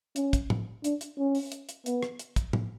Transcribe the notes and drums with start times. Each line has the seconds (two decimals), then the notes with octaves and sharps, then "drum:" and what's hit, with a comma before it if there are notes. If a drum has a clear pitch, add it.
0.16 C#4, drum: hi-hat
0.33 drum: kick, hi-hat
0.50 drum: tom
0.84 D4, drum: hi-hat
1.01 drum: hi-hat
1.18 C#4
1.35 drum: open hi-hat
1.52 drum: hi-hat
1.69 drum: hi-hat
1.86 B3, drum: hi-hat
2.03 drum: rim click
2.19 drum: hi-hat
2.36 drum: kick, hi-hat
2.53 drum: tom